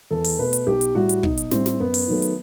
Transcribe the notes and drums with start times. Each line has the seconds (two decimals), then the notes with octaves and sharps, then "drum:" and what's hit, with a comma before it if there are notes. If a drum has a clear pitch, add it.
0.10 E2 A4
0.25 drum: open hi-hat
0.39 B2 A3 B4
0.53 drum: hi-hat
0.67 B1 G4
0.81 drum: hi-hat
0.95 A2 G3 F#4
1.09 drum: hi-hat
1.23 B1 D#4, drum: kick
1.37 drum: hi-hat
1.51 A2 G3 C4, drum: snare
1.66 drum: snare
1.80 F#2 B3
1.94 drum: open hi-hat
2.08 D#3 F#3 A3
2.22 drum: hi-hat